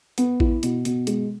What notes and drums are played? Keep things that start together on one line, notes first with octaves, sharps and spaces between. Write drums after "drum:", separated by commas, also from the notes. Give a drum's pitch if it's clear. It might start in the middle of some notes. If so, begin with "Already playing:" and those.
B3, drum: hi-hat
E4, drum: kick A#1
B2, drum: hi-hat
B2, drum: hi-hat
G#3, drum: hi-hat